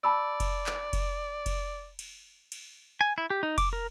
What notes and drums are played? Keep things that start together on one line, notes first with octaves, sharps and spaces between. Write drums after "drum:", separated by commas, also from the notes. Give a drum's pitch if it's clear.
D5 A5 B5 E6
drum: kick F1, cymbal
drum: clap
drum: kick F1, cymbal
drum: kick F1, cymbal
drum: cymbal
drum: cymbal
G#5
E4
G4
D#4
D6, drum: kick F1, cymbal
A#4